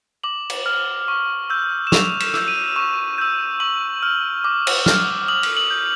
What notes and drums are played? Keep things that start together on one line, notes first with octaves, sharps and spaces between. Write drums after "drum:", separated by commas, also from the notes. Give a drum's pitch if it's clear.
D6 F#7
drum: cymbal
F6
C#6
E6 G6
E7
C#6 F7, drum: snare
E7, drum: cymbal
E6 G6, drum: rim click
D#7
C#6 E7
E6 G6
C#6 F#7
F6
D6
drum: cymbal
F6, drum: snare
D#6 F#7
drum: cymbal
F#7
G6